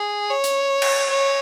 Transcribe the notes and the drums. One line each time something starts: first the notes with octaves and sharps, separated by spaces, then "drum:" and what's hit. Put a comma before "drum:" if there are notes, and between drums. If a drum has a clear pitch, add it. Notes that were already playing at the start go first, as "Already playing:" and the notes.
Already playing: G#4
C#5
drum: hi-hat
drum: cymbal
C#5